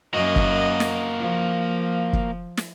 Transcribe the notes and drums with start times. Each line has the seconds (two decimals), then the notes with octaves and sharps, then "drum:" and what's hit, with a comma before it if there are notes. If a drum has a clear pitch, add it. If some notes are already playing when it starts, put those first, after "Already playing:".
0.14 F#2 A#3 F#4 D#5
0.36 drum: kick
0.80 drum: snare
1.20 F3
2.13 drum: kick
2.57 drum: snare